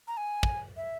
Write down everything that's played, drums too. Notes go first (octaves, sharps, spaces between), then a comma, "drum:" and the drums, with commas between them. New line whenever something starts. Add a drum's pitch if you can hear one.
A#5
G#5
drum: kick
E5